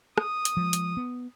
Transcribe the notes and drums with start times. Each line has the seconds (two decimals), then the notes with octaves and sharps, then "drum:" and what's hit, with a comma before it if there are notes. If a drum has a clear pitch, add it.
0.18 D#6, drum: rim click
0.45 drum: hi-hat
0.57 F3 G#3
0.73 drum: hi-hat
0.97 B3